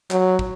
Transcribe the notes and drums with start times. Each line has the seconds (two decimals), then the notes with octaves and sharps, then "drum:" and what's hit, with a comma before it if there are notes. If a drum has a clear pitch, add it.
0.11 F#3, drum: clap
0.39 drum: kick